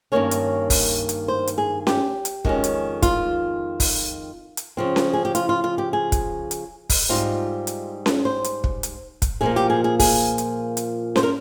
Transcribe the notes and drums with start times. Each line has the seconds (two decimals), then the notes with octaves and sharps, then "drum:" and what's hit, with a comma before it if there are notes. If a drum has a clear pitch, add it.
0.12 G2 D#3 A#3 C#4 C#5
0.31 drum: hi-hat
0.70 drum: kick, open hi-hat
1.09 drum: hi-hat
1.28 C5
1.47 drum: hi-hat
1.58 G#4
1.87 G4, drum: snare C#4
2.25 drum: hi-hat
2.45 F2 D#3 G#3 C#4, drum: kick
2.64 drum: hi-hat
3.02 F4, drum: kick, hi-hat
3.80 drum: kick, open hi-hat
4.57 drum: hi-hat
4.77 C#3 F3 C4
4.96 drum: snare C#4
5.14 G#4
5.25 G4
5.35 F4, drum: hi-hat
5.49 F4
5.64 F4
5.78 G4
5.93 G#4
6.12 drum: kick, hi-hat
6.51 drum: hi-hat
6.90 drum: kick, open hi-hat
7.09 G#2 G3 C4 D#4 F4
7.67 drum: hi-hat
8.06 drum: snare C#4
8.25 C5
8.44 drum: hi-hat
8.64 drum: kick
8.83 drum: hi-hat
9.22 drum: kick, hi-hat
9.41 A#2 F3 A#3 G#4
9.56 G4
9.70 G#4
9.84 G#4
10.00 G#4, drum: kick, open hi-hat
10.38 drum: hi-hat
10.77 drum: hi-hat
11.16 C5, drum: snare C#4
11.23 A#4